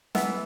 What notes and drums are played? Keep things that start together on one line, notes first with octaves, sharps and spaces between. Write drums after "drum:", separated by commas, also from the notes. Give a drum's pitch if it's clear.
E3 B3 E5, drum: snare